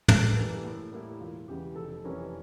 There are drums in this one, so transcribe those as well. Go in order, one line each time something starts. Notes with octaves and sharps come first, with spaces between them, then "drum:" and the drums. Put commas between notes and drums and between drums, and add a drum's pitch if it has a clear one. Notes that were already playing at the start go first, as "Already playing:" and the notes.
E2 A4, drum: tom
E3 G3 A#3 A4
A2
G3 A#3 E4
E1 F4
E2 C#3 E3 G4
F1 A4
F2 E3 G3 C#4 A#4